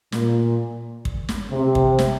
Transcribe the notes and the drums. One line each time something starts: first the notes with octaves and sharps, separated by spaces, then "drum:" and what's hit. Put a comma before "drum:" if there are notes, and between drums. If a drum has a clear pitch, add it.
A#2, drum: snare
drum: kick
drum: snare
C3
drum: kick
drum: snare